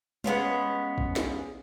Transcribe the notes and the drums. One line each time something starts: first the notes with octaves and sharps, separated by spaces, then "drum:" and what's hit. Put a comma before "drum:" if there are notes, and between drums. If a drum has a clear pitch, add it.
G#3 B3 C#4 F4, drum: tom G3
drum: kick A1
drum: snare